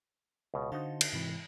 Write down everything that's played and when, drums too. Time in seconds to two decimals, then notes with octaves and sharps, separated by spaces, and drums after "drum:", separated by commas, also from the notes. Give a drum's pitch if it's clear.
0.54 C#2 B2
0.72 D3 D#4 F#4 C5 F5 A5
1.01 drum: cymbal
1.13 G#2 C3 E3